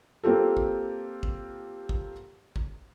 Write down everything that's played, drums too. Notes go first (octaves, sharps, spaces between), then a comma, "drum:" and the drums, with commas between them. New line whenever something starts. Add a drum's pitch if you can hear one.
A#3 C4 F4 G4 A4
drum: kick
drum: kick
drum: kick
drum: kick